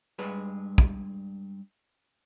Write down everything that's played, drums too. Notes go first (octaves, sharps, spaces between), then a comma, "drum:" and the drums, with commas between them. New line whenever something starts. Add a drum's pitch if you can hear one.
G2 G#3 G#4 B4
drum: kick